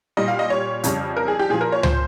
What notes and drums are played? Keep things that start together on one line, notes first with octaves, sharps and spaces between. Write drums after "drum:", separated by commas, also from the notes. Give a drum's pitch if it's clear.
A#2 G3 D#5
F5
D#5
C#5
F2 C#3 G3, drum: hi-hat
A#4
G#4
G4
A#2 F3 G#4
A#4
C#5
C5, drum: tom C#2